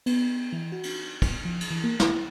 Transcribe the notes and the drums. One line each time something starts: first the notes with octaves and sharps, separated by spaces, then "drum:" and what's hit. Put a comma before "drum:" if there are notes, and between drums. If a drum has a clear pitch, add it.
B3, drum: cymbal
E3
F#4
drum: cymbal
drum: kick, cymbal
F3
drum: cymbal
E3
A#3
E4, drum: snare